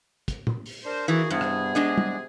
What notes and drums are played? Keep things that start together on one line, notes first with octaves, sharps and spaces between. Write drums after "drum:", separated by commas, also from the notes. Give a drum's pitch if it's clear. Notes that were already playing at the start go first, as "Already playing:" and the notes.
drum: kick, hi-hat
drum: tom
drum: open hi-hat
D4 A#4 C5
E3 A#3 F#4 G#4
G2 C3 B3 G#4
drum: rim click
G#3 D4 D#5
drum: tom